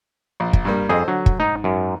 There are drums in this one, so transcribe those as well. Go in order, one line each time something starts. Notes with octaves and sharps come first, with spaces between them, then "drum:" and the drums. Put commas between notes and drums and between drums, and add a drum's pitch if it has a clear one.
A#1
drum: kick
G2 G3 A#3
F2 G#4 A4 C5 D#5
D3 F#3
drum: kick
G#2 D#4
F#2